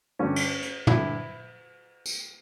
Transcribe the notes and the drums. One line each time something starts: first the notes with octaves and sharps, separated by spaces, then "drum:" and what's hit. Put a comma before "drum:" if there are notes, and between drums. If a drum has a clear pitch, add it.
G2 D3 C#4
drum: cymbal
drum: hi-hat
G2 D3 E4, drum: tom
drum: tambourine